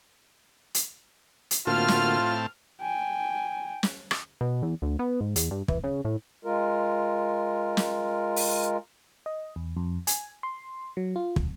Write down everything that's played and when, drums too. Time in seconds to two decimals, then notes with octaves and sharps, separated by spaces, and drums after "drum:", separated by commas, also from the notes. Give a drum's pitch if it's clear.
0.74 drum: hi-hat
1.51 drum: hi-hat
1.67 A2 D3 A#3 C4 F4 F#4 A5 F6
1.88 drum: snare
2.81 G5 G#5
3.83 drum: snare
4.11 drum: rim click
4.41 B2
4.63 E2
4.82 D2
4.99 B3
5.20 G#2
5.36 E2, drum: hi-hat
5.51 G2
5.68 E3, drum: kick
5.84 C#3
6.05 A2
6.45 G#3 F4 A#4
7.77 drum: snare
8.36 drum: open hi-hat
9.26 D#5
9.56 E2
9.77 F2
10.07 G#5, drum: hi-hat
10.43 C6
10.97 F#3
11.16 F4
11.36 D2, drum: kick